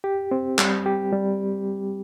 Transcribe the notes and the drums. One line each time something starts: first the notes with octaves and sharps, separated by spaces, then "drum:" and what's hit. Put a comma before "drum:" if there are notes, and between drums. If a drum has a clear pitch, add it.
G4
C4
G3, drum: clap
G4
G3